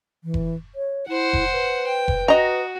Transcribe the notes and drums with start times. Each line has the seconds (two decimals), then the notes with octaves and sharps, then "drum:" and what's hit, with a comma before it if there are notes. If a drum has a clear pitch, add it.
0.24 E3
0.34 drum: kick F1
0.75 C#5
1.08 E4 C5 F#5
1.33 drum: kick F1
1.53 B4
1.87 G5
2.08 drum: kick F1
2.28 F#4 D#5 A#5